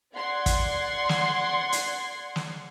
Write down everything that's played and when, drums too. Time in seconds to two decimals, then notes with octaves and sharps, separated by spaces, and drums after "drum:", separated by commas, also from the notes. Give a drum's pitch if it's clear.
0.14 D5 F#5 C6 G#6
0.46 drum: kick, hi-hat
1.09 drum: snare
1.72 drum: hi-hat
2.36 drum: snare